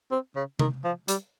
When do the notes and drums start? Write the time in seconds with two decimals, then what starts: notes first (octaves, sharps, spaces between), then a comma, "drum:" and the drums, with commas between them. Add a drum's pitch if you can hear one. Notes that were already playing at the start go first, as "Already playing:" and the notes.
0.11 C4
0.36 C#3
0.59 D#3, drum: tom C3
0.84 F3
1.08 G3, drum: hi-hat